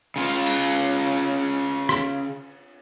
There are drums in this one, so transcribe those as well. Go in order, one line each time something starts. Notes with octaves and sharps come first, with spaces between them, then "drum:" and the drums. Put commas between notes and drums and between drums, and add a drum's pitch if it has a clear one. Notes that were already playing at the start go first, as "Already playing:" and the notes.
C#3 F4
drum: cymbal
drum: rim click